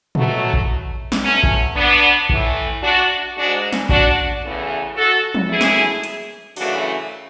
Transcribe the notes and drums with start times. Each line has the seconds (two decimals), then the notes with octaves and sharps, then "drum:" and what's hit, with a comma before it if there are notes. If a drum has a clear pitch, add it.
0.15 B2 F#3 A3, drum: tom
0.53 drum: kick A1
1.12 drum: snare
1.23 B2 F#3 A3 C#4
1.43 drum: kick A1
1.76 B3 D4
2.29 A2 E3 A3, drum: kick A1
2.82 D4 F#4
3.36 G#2 G#3 D4 F#4
3.72 drum: snare
3.89 D4 F#4, drum: kick A1
4.42 E2 C#3 E3 A3
4.96 F#4 A4
5.35 drum: tom
5.50 F#2 E3 A3 E4 G#4
5.61 drum: snare
6.04 drum: hi-hat
6.56 F#2 C#3 E3 A3 D4 F#4, drum: open hi-hat